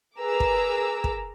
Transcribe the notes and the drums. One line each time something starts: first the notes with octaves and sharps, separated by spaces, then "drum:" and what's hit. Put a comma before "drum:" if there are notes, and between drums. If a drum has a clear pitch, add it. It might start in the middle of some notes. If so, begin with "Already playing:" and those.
G#4 A#4 B4 A#5 D6 E6
drum: kick
drum: kick